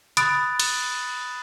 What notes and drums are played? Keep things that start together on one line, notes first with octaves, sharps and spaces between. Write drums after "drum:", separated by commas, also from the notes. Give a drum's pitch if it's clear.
B5 D#6 F#6 A6 D7, drum: hi-hat
drum: cymbal